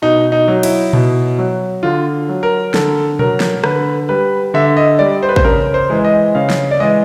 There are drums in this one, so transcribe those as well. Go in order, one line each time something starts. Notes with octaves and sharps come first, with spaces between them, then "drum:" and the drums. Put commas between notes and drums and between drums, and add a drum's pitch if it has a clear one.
B2 D#4
D#4
F#3
E4, drum: cymbal
B2, drum: tom A#2
F#3
D3 F4
F#3
A#4
D3 A4, drum: snare
F#3 A#4, drum: tom
drum: snare
D3 B4, drum: rim click
G3 B4
D3 E5
D#5
G3 D5
C5
B4
C5, drum: kick
C#3 A#4
C5
E3 G#3
D#5
C#3 F5
drum: snare
D5
E3 G#3 D#5